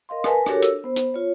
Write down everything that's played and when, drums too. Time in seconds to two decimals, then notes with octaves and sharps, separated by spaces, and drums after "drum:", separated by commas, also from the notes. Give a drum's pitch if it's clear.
0.09 A#4 D#5 F5 C6
0.24 A#4 B4 G#5 A5, drum: rim click
0.46 D4 F#4 G4 A4 A#4 C#5, drum: rim click
0.62 E6, drum: hi-hat
0.84 B3 C5
0.96 drum: hi-hat
1.14 F4 C#5